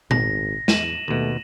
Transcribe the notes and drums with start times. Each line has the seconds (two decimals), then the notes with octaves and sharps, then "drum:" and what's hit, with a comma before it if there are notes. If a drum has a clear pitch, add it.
0.11 G#1 A#6, drum: tom A#2
0.68 E2 D#7 E7 F#7, drum: snare
1.08 D#2 B2 A3